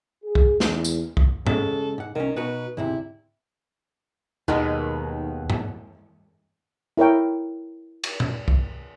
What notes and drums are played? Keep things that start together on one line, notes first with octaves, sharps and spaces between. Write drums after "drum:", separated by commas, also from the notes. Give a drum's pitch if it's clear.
G#4
drum: kick C2
E2, drum: snare
drum: tambourine
drum: kick C2
C#3 G#3 A4, drum: tom G#2
G#2 F#5
C2 D#3 C#4
B2 D#4 F#4 B4
D2 G#2 C3 E4
D#2 B2 D#3 G#3 B3
drum: tom G#2
E4 A#4 C#5 G5
drum: cymbal
drum: tom A#2
drum: kick C2